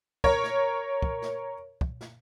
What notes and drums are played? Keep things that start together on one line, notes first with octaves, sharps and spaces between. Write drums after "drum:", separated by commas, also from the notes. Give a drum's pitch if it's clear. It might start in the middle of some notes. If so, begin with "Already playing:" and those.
A#4 C#5, drum: kick
drum: snare
drum: kick
drum: snare
drum: kick
drum: snare